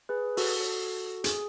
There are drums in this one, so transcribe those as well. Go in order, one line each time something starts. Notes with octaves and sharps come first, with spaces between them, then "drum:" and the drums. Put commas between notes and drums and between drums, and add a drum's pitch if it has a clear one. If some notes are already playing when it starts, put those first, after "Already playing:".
G#4 B4
F#4 A4, drum: open hi-hat
G#4, drum: hi-hat